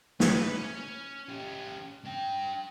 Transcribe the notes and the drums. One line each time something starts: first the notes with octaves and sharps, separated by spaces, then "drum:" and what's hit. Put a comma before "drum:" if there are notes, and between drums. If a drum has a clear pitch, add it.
B4, drum: snare
C#4
C#4 G4
D4 G5